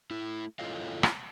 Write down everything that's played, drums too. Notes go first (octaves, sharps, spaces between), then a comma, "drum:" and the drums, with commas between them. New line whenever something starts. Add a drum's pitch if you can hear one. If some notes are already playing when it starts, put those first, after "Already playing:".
A3 E4
E4 F4 A4 C#5 D#5 F5
drum: rim click